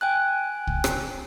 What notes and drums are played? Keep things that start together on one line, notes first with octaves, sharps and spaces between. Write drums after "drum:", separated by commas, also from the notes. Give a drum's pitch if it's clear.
G5 G#5 F#6
drum: kick
drum: rim click